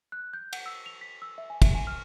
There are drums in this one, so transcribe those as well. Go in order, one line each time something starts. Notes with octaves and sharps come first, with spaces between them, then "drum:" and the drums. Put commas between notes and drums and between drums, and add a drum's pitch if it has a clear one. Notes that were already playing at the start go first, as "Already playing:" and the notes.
F#6
G6
F#5, drum: cymbal
E6
F7
B6
E6
E5
G#5
E5, drum: kick, cymbal
G#5
F6